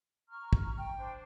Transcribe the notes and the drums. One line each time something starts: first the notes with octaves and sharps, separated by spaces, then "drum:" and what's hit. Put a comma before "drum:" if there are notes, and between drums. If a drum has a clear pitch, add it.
A#5 C#6 F6
drum: kick
G5
D4 C5